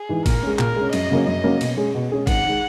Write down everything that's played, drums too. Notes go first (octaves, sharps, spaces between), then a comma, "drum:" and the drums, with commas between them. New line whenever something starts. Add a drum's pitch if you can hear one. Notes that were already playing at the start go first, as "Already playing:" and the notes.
Already playing: G#4
G#2 E3
A#2 A#4, drum: kick G#1, cymbal
G#3 C#4
A#2 A#4, drum: clap
G#3 C#4
F#2 D#5, drum: cymbal
C#3 F#3 A#3 C#4
F#2 D#5
C#3 F#3 A#3 C#4
B2, drum: cymbal
G#3 C#4 G#4
B2
G#3 C#4 G#4
G#1 F#5, drum: kick G#1, cymbal
D#3 G#3